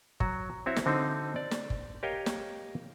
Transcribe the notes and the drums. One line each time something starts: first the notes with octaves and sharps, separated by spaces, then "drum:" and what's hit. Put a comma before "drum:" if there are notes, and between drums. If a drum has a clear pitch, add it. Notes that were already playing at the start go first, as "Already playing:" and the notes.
F#3 F#4, drum: kick G1
C4 E4 F#4 C#5 E5
drum: snare
D3 C4 D#4 F#4
D5
drum: snare
drum: kick G1
G4 A#4 C#5 D#5 F5 G5
drum: snare